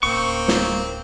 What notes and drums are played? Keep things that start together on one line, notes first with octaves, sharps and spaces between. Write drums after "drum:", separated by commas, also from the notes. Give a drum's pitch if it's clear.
D1 A#3 C4 C#4 C#6
drum: snare